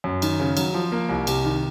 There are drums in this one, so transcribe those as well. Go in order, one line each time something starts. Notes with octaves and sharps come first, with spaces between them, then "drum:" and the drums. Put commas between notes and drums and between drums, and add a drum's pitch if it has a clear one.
F#2
D#3, drum: cymbal
C#3
F#3, drum: cymbal
F3
A#3
C2
C3, drum: cymbal
D#3